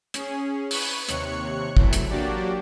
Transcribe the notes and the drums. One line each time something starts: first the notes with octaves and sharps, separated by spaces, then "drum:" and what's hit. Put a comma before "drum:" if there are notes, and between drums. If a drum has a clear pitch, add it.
C#4 G#4, drum: hi-hat
B4 C#6 D#7, drum: open hi-hat
D#2 C3 C#5 C#6 F#6 C#7, drum: hi-hat
E2 C3 E3 F#3 A3, drum: kick
drum: hi-hat
F#3 A#3 D4 F#4 G4 D5